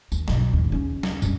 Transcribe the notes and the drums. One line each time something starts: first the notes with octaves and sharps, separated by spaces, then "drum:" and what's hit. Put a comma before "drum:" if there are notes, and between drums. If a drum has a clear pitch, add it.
D#2, drum: tambourine
B1 G2, drum: snare
D#2 G#2
C#3 C#4
drum: snare
F#2 G3, drum: tambourine